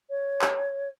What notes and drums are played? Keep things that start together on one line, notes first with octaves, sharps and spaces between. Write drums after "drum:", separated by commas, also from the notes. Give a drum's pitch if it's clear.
C#5
drum: clap